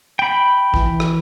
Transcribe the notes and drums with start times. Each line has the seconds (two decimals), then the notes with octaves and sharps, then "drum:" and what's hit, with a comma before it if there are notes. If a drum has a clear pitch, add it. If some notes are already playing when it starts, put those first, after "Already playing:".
0.19 G5 B5
0.74 E3, drum: kick
1.00 drum: rim click